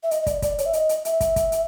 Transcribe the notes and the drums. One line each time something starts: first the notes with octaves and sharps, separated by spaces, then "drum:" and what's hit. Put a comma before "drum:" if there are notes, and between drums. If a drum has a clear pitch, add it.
E5
D#5, drum: hi-hat
D#5
D5, drum: kick, hi-hat
D5, drum: kick, hi-hat
C#5, drum: hi-hat
E5
D#5, drum: hi-hat
drum: hi-hat
E5, drum: hi-hat
drum: kick, hi-hat
drum: kick, hi-hat
drum: hi-hat